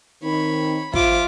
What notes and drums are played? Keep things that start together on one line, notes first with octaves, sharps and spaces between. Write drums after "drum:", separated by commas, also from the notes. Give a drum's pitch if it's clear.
D#3 C4 D#4 C#5 B5
F3 F4 E5 D6, drum: kick